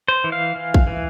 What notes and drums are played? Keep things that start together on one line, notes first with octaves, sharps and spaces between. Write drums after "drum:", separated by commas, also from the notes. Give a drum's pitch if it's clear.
C5
E3
F5
E3
drum: kick
E3